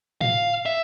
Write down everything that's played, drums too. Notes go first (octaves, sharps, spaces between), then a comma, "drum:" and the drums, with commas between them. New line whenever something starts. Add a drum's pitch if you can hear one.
F5, drum: tom A2
E5